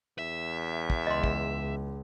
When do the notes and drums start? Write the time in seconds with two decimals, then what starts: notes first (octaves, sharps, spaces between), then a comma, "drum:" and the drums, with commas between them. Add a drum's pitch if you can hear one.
0.19 E2 E5
0.90 drum: kick
1.07 C#2 D#5 C6
1.24 drum: kick